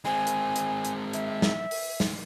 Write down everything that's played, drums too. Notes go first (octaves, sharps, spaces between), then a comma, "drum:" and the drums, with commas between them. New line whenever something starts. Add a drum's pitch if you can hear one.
G#3 C4 G#5
drum: hi-hat
drum: hi-hat
drum: hi-hat
E5, drum: hi-hat
drum: snare
drum: open hi-hat
drum: snare